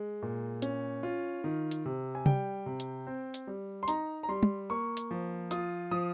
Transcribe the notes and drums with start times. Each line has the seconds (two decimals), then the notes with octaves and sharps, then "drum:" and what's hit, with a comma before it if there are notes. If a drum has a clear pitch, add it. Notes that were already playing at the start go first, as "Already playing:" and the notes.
Already playing: G#3
0.22 A#2
0.62 C#4, drum: hi-hat
1.03 F4
1.44 D#3
1.71 drum: hi-hat
1.86 C3
2.15 G#5
2.26 G3 G5, drum: tom C3
2.66 C3
2.80 drum: hi-hat
3.07 C4
3.34 drum: hi-hat
3.47 G3
3.83 C6
3.88 D#4 A#5, drum: hi-hat
4.23 A#5
4.29 G3 C6
4.43 drum: tom
4.70 A#3 C#6
4.97 drum: hi-hat
5.11 F3
5.51 F4 D#6, drum: hi-hat
5.91 F3 D#6